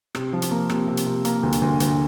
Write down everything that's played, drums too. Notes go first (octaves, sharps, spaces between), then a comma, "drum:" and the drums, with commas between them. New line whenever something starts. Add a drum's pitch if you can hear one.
C3, drum: rim click
F3
drum: hi-hat
A#3
C3, drum: rim click
C3
drum: hi-hat
C3
A#3, drum: hi-hat
D2
drum: hi-hat
D2
D2, drum: hi-hat